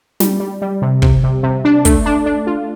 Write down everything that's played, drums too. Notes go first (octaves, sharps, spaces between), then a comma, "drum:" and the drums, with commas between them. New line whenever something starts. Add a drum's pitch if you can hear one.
G3, drum: snare
G3
G3
C3
C3, drum: kick
C3
C3
D4
A3, drum: kick, hi-hat
D4
D4
F4